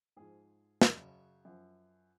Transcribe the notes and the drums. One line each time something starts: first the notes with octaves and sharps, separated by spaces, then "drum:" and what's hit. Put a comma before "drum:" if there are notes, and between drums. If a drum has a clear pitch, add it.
G#2 F3 G#4
F#2 C#3 F#3, drum: snare
F#2 F3